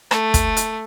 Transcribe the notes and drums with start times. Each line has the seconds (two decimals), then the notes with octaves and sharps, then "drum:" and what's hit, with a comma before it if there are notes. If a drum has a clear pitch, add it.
0.11 A3, drum: rim click
0.34 drum: kick, hi-hat
0.57 drum: hi-hat